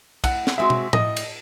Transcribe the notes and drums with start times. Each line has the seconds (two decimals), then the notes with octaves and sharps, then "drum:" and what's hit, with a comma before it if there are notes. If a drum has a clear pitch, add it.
0.24 A2 F#5, drum: kick B1, cymbal
0.47 drum: snare
0.58 G#3 C4 F#4 E5
0.70 drum: tom
0.93 A2 D#5, drum: tom
1.17 drum: cymbal